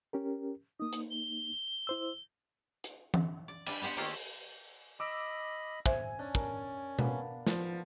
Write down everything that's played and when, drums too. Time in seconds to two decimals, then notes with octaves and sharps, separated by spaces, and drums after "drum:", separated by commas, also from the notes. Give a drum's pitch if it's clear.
0.13 C#4 G4 A#4
0.80 A#3 D#4 D#6
0.93 drum: hi-hat
1.10 G7
1.87 E4 C5 E6
2.84 drum: hi-hat
3.14 drum: tom E3
3.48 D5
3.66 G3 D4 B4, drum: cymbal
3.81 B3 G4 C5 F#5 G5
3.97 D#3 A3 A#3 F4 G4 C5, drum: open hi-hat
5.00 D#5 B5 D6 E6 D7
5.86 C5 E5 G#5, drum: kick
6.19 C#4 D4
6.35 A#4, drum: kick
6.99 A#3 B3 D4, drum: tom B2
7.46 F3, drum: snare